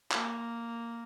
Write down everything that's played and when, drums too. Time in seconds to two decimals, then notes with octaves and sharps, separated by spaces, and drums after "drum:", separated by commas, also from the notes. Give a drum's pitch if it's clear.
0.12 A#3, drum: clap